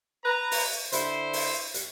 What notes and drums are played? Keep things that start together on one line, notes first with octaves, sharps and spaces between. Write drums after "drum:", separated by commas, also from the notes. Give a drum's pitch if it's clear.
B4 A#5
drum: open hi-hat
D3 E4 C5, drum: hi-hat
drum: open hi-hat
drum: hi-hat